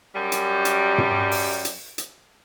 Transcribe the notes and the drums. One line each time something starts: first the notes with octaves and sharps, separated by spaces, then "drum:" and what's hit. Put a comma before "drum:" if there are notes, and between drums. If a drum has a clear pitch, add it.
F#2 G3
drum: hi-hat
drum: hi-hat
drum: tom
drum: open hi-hat
drum: hi-hat
drum: hi-hat